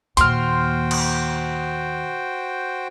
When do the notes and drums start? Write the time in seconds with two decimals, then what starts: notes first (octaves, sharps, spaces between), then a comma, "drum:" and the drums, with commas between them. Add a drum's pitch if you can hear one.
0.17 D#2 A#2 F#4 C5 G5 C6 F6, drum: hi-hat
0.91 drum: cymbal